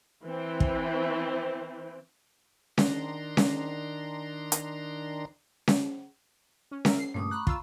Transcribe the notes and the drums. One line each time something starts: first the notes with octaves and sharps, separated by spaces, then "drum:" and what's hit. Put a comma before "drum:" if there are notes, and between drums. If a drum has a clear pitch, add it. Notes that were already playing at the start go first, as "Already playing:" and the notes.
E3 C4
drum: kick
D#3 D4 A#5 C6, drum: snare C#4
drum: snare C#4
drum: hi-hat
drum: snare C#4
C#4
A#4 E5, drum: snare C#4
C7
G2 A#2 C#3 A3 D6 D#6
A#5 B5 C#6 F#6
F4 E6, drum: kick